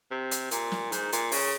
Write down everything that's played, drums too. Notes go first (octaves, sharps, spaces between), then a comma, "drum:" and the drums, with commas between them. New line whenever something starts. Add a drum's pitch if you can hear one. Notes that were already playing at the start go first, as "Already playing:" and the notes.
C3
drum: hi-hat
A#2, drum: hi-hat
drum: snare
G#2, drum: hi-hat
A#2, drum: hi-hat
C#3, drum: open hi-hat